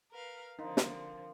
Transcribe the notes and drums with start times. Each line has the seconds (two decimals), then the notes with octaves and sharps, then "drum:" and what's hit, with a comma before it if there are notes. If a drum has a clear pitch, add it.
0.12 A#4 B4 F5
0.59 D3 F3 C4 D#4 A#4 F5 C6
0.77 drum: snare